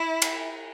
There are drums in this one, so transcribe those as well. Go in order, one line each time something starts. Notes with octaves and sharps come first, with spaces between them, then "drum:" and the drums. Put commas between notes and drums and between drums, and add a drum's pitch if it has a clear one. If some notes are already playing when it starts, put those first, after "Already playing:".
Already playing: E4
drum: cymbal